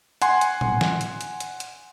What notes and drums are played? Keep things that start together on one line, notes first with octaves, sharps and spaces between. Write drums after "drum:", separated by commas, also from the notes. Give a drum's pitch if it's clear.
F#5 G#5 C6, drum: hi-hat
drum: hi-hat
drum: tom A2
drum: snare
drum: hi-hat
drum: hi-hat
drum: hi-hat
drum: hi-hat